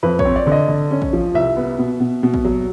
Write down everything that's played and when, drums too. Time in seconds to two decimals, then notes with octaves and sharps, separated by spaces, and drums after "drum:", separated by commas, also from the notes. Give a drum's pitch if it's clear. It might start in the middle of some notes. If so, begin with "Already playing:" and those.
0.03 F2 B4
0.19 C#5, drum: kick
0.25 C4
0.36 D5
0.47 D3 D#5
0.68 D3
0.91 C#4
1.02 drum: kick
1.13 F3
1.35 C2 E5
1.57 B3
1.79 B2
2.00 B2
2.23 B2
2.34 drum: kick
2.45 F#3